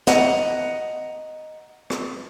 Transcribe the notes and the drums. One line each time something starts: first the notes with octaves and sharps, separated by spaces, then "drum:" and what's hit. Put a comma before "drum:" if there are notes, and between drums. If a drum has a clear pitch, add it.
D#5 F#5 A#5, drum: snare
drum: rim click